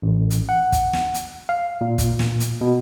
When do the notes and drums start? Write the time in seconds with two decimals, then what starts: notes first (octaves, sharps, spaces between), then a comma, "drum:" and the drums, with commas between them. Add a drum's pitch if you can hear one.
0.02 A1
0.30 drum: hi-hat
0.49 F#5
0.72 drum: kick, hi-hat
0.93 drum: snare
1.14 drum: hi-hat
1.49 F5
1.81 A#2
1.98 drum: kick, hi-hat
2.19 drum: snare
2.40 drum: hi-hat
2.61 B2